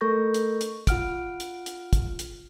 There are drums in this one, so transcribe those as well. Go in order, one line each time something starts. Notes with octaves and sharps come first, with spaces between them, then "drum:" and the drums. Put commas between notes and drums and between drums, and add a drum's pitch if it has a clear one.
A3 A4 A#4 C#6 G6 A#6
drum: hi-hat
drum: hi-hat
F4 F#5 F6 D7, drum: kick, hi-hat
drum: hi-hat
drum: hi-hat
drum: kick, hi-hat
drum: hi-hat